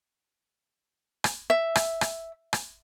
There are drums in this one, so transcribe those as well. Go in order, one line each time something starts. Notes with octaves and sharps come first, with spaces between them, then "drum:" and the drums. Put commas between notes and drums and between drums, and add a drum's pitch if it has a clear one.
drum: rim click
E5
drum: rim click
drum: rim click
drum: rim click